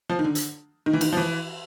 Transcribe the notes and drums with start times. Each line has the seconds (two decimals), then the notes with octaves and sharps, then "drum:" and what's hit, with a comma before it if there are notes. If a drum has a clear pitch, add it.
0.09 F3
0.19 D#3
0.24 D3
0.35 drum: hi-hat
0.86 D#3
0.93 E3
1.01 D#3, drum: cymbal
1.13 F3
1.17 E3